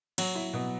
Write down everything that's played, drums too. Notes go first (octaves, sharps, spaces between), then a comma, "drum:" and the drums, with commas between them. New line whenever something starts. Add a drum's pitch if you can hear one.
F#3, drum: cymbal
E4
B2